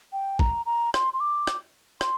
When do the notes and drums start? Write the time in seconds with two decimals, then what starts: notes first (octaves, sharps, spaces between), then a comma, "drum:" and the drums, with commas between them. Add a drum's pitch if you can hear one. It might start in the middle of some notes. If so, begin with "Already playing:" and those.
0.13 G5
0.39 A#5, drum: kick
0.66 A#5
0.94 C6, drum: rim click
1.14 C6
1.20 D6
1.47 drum: rim click
2.01 C6, drum: rim click